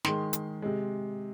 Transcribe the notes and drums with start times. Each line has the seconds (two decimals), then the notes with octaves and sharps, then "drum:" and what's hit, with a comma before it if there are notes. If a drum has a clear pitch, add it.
0.05 D#3 G#3 C6, drum: snare
0.33 drum: hi-hat
0.62 C3 G#3